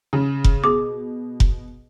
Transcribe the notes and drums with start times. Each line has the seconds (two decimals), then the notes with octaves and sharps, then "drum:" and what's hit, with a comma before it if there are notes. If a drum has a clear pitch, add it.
0.13 C#3
0.44 drum: kick F1
0.64 B2 G#4 D6
1.40 drum: kick F1